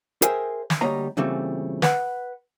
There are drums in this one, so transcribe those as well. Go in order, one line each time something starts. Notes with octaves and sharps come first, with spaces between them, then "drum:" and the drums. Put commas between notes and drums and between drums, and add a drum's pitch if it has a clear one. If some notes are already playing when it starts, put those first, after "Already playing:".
G#4 A#4 C5 E5 G5 G#5, drum: hi-hat
drum: snare
D2 G3 A#3 C#5 D#5 A#5
A#2 C#3 E3 G3 A3 C4
B4 F#5, drum: snare